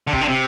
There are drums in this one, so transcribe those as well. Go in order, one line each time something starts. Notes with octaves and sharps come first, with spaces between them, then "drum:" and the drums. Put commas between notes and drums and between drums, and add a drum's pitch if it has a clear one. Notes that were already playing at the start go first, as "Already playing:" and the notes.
D3
C3, drum: kick
D3
C3